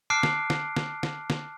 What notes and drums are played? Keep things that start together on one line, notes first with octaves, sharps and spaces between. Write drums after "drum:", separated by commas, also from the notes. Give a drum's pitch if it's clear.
A5 D6 F6 F#6 C7 D7
drum: snare
drum: snare
drum: snare
drum: snare
drum: snare